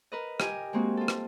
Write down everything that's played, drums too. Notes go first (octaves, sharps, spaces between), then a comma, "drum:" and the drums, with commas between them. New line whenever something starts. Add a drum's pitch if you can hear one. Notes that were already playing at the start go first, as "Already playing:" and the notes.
A#4 B4 D#5
G4 A#4 D#5 G#5, drum: rim click
G#3 A#3 C4 F#4
F4 A4
drum: rim click